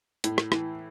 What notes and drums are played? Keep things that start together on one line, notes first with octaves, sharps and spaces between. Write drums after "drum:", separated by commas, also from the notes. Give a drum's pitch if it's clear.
A2, drum: hi-hat
drum: rim click
E3, drum: rim click